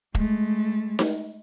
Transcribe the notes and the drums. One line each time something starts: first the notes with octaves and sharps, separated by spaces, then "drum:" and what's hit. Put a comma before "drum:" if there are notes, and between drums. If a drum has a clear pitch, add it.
G#3 A3, drum: kick E1
drum: snare D#4